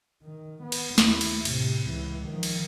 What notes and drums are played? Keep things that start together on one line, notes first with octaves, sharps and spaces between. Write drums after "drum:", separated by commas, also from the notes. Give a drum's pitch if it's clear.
D#3
B3
drum: cymbal
D#2 E4, drum: snare
drum: cymbal
A2 C3, drum: cymbal
C#2 E3
D#3 F3
drum: cymbal